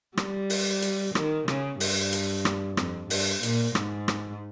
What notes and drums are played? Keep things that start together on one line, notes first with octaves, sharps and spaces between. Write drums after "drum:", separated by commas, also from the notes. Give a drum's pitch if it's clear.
G3, drum: rim click
drum: open hi-hat
drum: hi-hat
D#3, drum: rim click
C#3, drum: rim click
G2, drum: open hi-hat
drum: hi-hat
drum: rim click
F2, drum: rim click
G2, drum: open hi-hat
A#2, drum: hi-hat
G#2, drum: rim click
drum: rim click